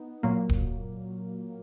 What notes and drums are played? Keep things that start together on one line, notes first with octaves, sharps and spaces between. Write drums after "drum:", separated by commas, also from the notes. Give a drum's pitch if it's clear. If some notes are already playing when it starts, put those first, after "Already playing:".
Already playing: B3 D#4
A#2 F#3 A#3
drum: kick D1